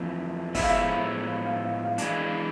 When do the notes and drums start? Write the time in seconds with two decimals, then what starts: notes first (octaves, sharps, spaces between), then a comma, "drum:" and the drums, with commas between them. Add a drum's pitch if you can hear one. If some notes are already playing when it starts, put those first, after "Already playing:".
Already playing: F2 E3 A3
0.55 A2 F3 G#3 B3 E4 E5, drum: kick, open hi-hat
0.62 F5
0.70 E5
0.76 F5
0.83 E5
0.91 F5
0.98 E5
1.27 F5
1.46 F5
1.65 F5
1.84 F5
1.98 E3 G#3 D4 F5, drum: hi-hat
2.22 F5